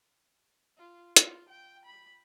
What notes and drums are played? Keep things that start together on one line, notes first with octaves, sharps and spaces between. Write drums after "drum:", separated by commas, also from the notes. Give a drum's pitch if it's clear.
F4
F4, drum: hi-hat
G5
B5